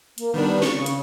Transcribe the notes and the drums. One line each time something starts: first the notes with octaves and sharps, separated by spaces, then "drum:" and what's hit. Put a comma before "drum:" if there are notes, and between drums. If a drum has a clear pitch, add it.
A#3, drum: hi-hat
D#3 G3 B3 D4
C#6, drum: snare
C#3
drum: hi-hat